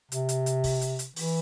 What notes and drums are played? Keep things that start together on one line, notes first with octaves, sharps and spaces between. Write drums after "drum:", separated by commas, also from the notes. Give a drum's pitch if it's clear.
C3, drum: hi-hat
drum: hi-hat
drum: hi-hat
drum: kick, open hi-hat
drum: hi-hat
drum: hi-hat
E3, drum: open hi-hat